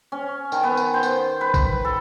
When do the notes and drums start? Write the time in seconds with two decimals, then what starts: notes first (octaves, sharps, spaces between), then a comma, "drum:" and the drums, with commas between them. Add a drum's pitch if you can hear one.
0.12 C#4
0.52 D#3, drum: tambourine
0.64 B3
0.77 drum: tambourine
0.94 C5
1.03 drum: tambourine
1.41 B4
1.54 drum: kick, tambourine
1.85 A4